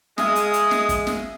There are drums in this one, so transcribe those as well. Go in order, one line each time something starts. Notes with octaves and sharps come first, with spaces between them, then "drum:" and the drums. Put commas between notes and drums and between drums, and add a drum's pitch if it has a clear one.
G#3 G#4 E5 F5 D#6, drum: snare
drum: hi-hat
drum: hi-hat
drum: snare
drum: kick, hi-hat
drum: snare